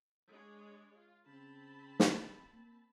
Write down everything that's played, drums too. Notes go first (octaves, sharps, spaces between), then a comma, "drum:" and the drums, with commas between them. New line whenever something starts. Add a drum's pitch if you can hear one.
G#3 D4 C#5
F4
C#3 C4 A5 B5
drum: snare
A#3